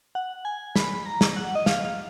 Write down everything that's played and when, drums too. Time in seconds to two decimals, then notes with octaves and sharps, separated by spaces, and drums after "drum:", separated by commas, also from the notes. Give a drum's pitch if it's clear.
0.15 F#5
0.45 G#5
0.76 B5, drum: snare
0.95 B5
1.06 A#5
1.21 drum: snare
1.36 F#5
1.55 D#5
1.66 F5, drum: snare
1.85 F5